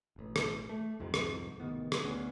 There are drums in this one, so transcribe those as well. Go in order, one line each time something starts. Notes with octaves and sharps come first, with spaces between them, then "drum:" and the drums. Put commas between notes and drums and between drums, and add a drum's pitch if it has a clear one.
E1 A1
drum: rim click
A3
C2 F2 G#2 C3
drum: rim click
A1 C3 D#3 B3
drum: rim click
D2 B3 C#4